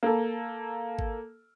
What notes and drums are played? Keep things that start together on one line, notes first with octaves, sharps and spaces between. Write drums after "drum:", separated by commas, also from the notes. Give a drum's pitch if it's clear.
A#3 A4
drum: kick G#1